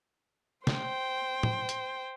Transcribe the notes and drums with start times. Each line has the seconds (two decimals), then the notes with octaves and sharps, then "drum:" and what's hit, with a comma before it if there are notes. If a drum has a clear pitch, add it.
0.67 C5 G5, drum: snare
1.43 drum: tom
1.69 drum: hi-hat